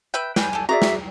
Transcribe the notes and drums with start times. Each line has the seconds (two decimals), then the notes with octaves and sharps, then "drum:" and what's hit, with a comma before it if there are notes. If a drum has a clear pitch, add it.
0.14 B4 E5 G5
0.36 G3 B4 G5 G#5, drum: snare
0.53 G4 A4
0.69 F#4 G#4 D5 E5 A#5
0.82 drum: snare